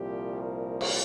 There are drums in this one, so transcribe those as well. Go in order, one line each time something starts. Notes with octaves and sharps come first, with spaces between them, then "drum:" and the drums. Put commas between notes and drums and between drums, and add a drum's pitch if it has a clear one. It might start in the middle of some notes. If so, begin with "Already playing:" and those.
Already playing: C2 A#2 F3 G4
A#4
drum: cymbal